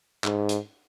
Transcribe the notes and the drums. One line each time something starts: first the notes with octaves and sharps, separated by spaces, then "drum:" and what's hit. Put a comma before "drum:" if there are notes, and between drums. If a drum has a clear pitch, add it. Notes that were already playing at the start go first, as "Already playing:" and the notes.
G#2, drum: clap
drum: hi-hat